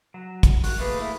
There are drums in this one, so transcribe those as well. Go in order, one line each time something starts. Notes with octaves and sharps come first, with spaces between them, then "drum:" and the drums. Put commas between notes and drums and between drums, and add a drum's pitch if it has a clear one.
F#3
drum: kick, hi-hat
F#4, drum: open hi-hat
A3 A#3 G#4 B4
E4